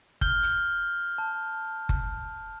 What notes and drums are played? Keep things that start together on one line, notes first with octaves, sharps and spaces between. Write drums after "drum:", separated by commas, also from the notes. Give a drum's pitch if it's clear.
F6 G6 G7, drum: kick F#1
drum: hi-hat
A5
drum: kick F#1